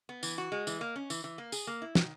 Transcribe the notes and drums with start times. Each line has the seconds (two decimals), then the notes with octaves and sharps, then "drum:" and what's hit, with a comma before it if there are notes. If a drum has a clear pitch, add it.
0.09 B3
0.23 E3, drum: tambourine
0.38 F#4
0.52 G#3
0.67 E3, drum: tambourine
0.81 A#3
0.96 C#4
1.10 E3, drum: tambourine
1.24 E3
1.38 A#3
1.52 G#4, drum: tambourine
1.67 A#3
1.82 E4
1.95 D#3, drum: snare